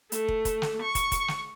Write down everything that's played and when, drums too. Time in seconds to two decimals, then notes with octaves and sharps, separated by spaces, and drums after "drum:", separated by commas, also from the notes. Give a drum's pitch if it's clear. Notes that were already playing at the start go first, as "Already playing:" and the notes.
0.12 A3, drum: hi-hat
0.28 drum: kick
0.45 drum: kick, hi-hat
0.62 drum: snare
0.82 C#6
0.95 drum: kick, hi-hat
1.12 drum: kick, hi-hat
1.28 drum: snare